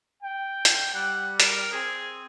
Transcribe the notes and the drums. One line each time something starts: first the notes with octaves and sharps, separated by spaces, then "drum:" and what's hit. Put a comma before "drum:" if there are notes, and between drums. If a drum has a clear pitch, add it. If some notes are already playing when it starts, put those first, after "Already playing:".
G5
drum: hi-hat
G3 F#5
A#4, drum: hi-hat
C4 G#4